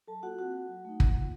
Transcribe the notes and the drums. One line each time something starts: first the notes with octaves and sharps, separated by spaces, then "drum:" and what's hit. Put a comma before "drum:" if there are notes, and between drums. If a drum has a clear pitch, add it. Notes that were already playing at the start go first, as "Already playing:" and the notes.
F#3 A4 A5
A#3 F4 F#4 F#5
C4 F#4 F#5
F#4
F#3
A3 D#4
A#3, drum: kick
F4